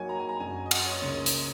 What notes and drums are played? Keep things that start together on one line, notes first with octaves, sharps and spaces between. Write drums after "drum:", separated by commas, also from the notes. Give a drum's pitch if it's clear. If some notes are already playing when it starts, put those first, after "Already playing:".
Already playing: F#3 A#3 D#4 F#4 C#5 G#5
A#5
G#5
A#5
F#2 F#3 C#4 G#5
D#5
F#5, drum: cymbal
C#5
C#2 C#3 A#3 C#5
drum: hi-hat